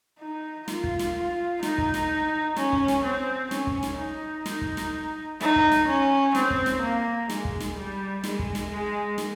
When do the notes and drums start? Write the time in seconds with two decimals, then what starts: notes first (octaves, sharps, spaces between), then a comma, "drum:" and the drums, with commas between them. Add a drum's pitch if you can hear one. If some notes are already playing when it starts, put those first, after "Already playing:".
0.20 D#4
0.68 F4, drum: snare
0.84 drum: kick
0.99 drum: snare
1.15 F4
1.63 D#4, drum: snare
1.78 drum: kick
1.94 drum: snare
2.56 C#4, drum: snare
2.72 drum: kick
2.88 drum: snare
3.04 C4
3.51 C#4, drum: snare
3.67 drum: kick
3.83 drum: snare
3.99 D#4
4.46 drum: snare
4.61 drum: kick
4.77 drum: snare
5.41 D#4, drum: snare
5.56 drum: kick
5.72 drum: snare
5.88 C#4
6.35 C4, drum: snare
6.50 drum: kick
6.66 drum: snare
6.82 A#3
7.30 G#3, drum: snare
7.45 drum: kick
7.60 drum: snare
7.76 G3
8.24 G#3, drum: snare
8.39 drum: kick
8.55 drum: snare
8.70 G#3
9.18 drum: snare